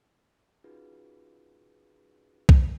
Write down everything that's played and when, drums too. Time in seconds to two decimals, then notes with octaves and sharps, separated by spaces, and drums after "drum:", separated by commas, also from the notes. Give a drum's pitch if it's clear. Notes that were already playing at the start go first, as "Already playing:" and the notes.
0.64 C#4 D#4 F4 F#4 G#4 B4
2.49 drum: kick B1